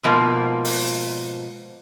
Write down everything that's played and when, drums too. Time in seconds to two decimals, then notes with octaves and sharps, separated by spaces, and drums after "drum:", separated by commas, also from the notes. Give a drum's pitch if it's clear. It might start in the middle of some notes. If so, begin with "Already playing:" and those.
0.03 G#2 B2 F3 A#3
0.65 drum: open hi-hat